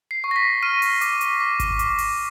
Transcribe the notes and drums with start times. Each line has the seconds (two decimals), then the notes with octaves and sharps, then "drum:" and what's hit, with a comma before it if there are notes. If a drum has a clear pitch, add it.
0.11 C7
0.24 C#6
0.31 A#6
0.36 B6
0.63 F6 D#7
0.82 drum: open hi-hat
1.01 D6, drum: hi-hat
1.21 drum: hi-hat
1.40 D6
1.60 drum: kick G#1, hi-hat
1.79 D6, drum: hi-hat
1.98 drum: open hi-hat